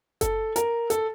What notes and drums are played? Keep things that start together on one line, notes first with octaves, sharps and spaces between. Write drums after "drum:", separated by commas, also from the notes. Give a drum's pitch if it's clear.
A4, drum: kick F#1, hi-hat
A#4, drum: hi-hat
A4, drum: hi-hat